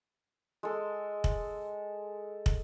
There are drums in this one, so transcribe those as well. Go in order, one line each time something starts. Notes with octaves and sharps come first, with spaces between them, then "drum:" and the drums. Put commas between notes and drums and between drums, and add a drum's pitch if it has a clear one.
G#3 A4
drum: kick
drum: kick